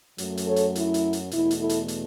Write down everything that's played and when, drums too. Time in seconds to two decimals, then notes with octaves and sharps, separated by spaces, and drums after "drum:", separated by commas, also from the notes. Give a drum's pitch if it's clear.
0.18 F#2 F#3 A3, drum: hi-hat
0.37 drum: hi-hat
0.47 A4 C#5
0.56 drum: hi-hat
0.75 E4, drum: hi-hat
0.94 drum: hi-hat
1.13 drum: hi-hat
1.31 E2 B2 A3 E4, drum: hi-hat
1.51 drum: hi-hat
1.60 E4 A4
1.69 drum: hi-hat
1.88 drum: hi-hat